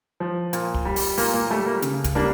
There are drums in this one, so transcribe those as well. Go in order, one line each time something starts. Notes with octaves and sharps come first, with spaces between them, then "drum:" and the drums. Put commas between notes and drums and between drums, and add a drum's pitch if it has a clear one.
F3
A#2, drum: hi-hat
drum: kick
G3
drum: open hi-hat
A#2 A#3, drum: open hi-hat
A#3
G3 A3
A#3
C#3, drum: hi-hat
drum: kick, hi-hat
G3 A#3 D4